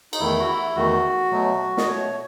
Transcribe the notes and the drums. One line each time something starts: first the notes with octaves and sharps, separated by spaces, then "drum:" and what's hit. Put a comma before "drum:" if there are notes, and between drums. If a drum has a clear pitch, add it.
D#4, drum: cymbal
E2 D#3 A3 E4
F#4
E4
E2 D#3 A3 F#4
B2 F#3 A3
D#5, drum: snare
B2 A3 C#5